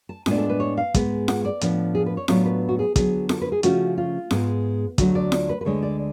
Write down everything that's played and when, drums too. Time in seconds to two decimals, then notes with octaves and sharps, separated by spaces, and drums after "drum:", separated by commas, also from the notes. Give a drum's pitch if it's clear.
0.09 A5
0.26 A2 G#3 B3 D4 G#5, drum: snare F4
0.38 A4
0.49 B4
0.60 C#5
0.77 F5
0.94 G#2 G#3 B3, drum: kick, hi-hat
1.28 F#5, drum: snare F4
1.45 D5
1.61 A2 F3 B3 D4, drum: hi-hat
1.95 G#4
2.06 B4
2.17 C#5
2.28 A2 F#3 B3 D4 F4 C#5, drum: snare F4
2.45 B4
2.69 F#4
2.79 G#4
2.96 D3 F#3 B3 G#4, drum: kick, hi-hat
3.29 A4, drum: snare F4
3.42 B4
3.52 G#4
3.63 C#3 F3 A3 C#4 F4 F#4, drum: hi-hat
3.98 F4
4.31 G#2 G#3 B3, drum: snare F4
4.98 D2 D3 F#3 A3 F#4, drum: kick, hi-hat
5.15 D5
5.32 drum: snare F4
5.49 B4
5.61 B4
5.65 D2 D3 G#3 C#5
5.82 D5